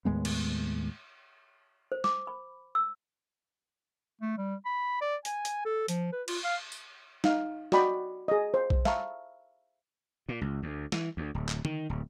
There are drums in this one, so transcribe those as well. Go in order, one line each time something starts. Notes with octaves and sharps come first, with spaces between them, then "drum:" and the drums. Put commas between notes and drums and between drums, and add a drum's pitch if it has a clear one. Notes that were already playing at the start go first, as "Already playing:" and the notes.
D#2 A2 G#3 B3
drum: cymbal
C5
D6, drum: snare
B5
E6
A3
G3
B5
D5
G#5, drum: hi-hat
drum: hi-hat
A4
F3, drum: hi-hat
B4
F4, drum: cymbal
F5
drum: tambourine
D#4 F5, drum: snare
F#4 D5 D#5 G5 B5 D6, drum: snare
G#4 D#5
C5
drum: kick
E5 F5 A5 A#5 C#6, drum: snare
A#2
C#2
D2
E3, drum: snare
D2
D1
drum: clap
D#3, drum: tom
D1